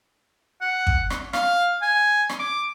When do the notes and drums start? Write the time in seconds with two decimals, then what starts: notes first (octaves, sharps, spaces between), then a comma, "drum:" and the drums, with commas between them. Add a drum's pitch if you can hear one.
0.61 F#5
0.87 drum: kick
1.10 drum: rim click
1.33 F5, drum: rim click
1.82 G#5
2.29 drum: rim click
2.39 D6